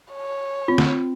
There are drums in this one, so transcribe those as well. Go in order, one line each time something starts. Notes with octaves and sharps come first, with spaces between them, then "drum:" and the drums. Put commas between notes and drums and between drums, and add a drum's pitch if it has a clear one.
C#5
C4 F4
drum: snare